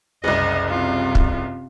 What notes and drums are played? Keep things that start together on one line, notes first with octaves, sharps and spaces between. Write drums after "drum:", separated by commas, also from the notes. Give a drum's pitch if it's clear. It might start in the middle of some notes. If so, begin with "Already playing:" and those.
F#1 C2 D#5
C3 F4
drum: kick